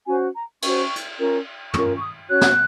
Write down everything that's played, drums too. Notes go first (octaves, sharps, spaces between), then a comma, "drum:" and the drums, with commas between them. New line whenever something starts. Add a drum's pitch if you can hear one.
C#4 F#4 C5 G#5
A#5
C#4 F#4 C5 C#6, drum: cymbal
drum: hi-hat
C#4 F4 A#4
C#4 F4 A#4 C#6, drum: tom
C#6
D#6
C#4 F#4 C#5 F#6
drum: snare